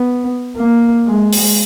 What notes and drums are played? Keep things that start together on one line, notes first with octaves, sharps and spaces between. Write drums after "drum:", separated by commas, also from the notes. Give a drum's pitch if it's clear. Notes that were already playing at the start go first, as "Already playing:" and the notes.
Already playing: B3
A#3
G#3
drum: open hi-hat